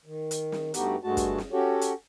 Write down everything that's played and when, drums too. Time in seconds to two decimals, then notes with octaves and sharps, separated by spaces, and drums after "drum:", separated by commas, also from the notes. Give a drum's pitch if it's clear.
0.06 D#3
0.31 drum: hi-hat
0.52 drum: snare
0.74 G2 A3 B3 D#4 F#4 G4, drum: hi-hat
1.04 G2 G#3 A3 F#4 A5
1.17 drum: kick, hi-hat
1.38 drum: snare
1.52 C#4 F#4 G4 A4 C#5
1.81 drum: hi-hat